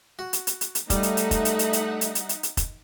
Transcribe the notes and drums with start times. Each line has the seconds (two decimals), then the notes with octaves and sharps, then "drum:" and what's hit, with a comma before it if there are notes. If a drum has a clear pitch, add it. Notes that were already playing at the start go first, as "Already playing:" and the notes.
0.19 F#4
0.33 drum: hi-hat
0.47 drum: hi-hat
0.61 drum: hi-hat
0.75 drum: hi-hat
0.90 G3 A3 D#4 E5 F#5, drum: kick F1, hi-hat
1.03 drum: hi-hat
1.17 drum: hi-hat
1.31 drum: kick F1, hi-hat
1.45 drum: hi-hat
1.59 drum: hi-hat
1.73 drum: hi-hat
2.01 drum: hi-hat
2.15 drum: hi-hat
2.29 drum: hi-hat
2.43 drum: hi-hat
2.57 drum: kick F1, hi-hat